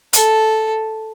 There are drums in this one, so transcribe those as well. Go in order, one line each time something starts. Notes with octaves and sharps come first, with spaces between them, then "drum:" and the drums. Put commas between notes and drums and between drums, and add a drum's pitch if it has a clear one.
A4, drum: hi-hat